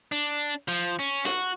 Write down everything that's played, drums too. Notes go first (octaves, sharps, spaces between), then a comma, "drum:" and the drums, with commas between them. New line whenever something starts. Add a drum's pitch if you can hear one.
D4
F3, drum: tambourine
C#4
F#4, drum: hi-hat